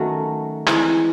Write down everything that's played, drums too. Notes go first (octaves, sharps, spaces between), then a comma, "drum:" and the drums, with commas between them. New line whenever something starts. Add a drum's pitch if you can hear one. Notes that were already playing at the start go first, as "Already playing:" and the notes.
Already playing: D#3 F#3 A3 C#4 F#4
E3 G#3 C4, drum: clap